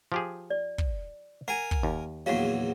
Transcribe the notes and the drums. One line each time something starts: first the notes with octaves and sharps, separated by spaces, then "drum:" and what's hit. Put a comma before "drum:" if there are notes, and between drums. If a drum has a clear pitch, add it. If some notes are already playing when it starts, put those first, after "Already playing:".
F3 G4 G#4
D5
drum: kick
A#4 F#5 G#5
drum: kick
D#2
A#1 E2 F#3 F5 F#5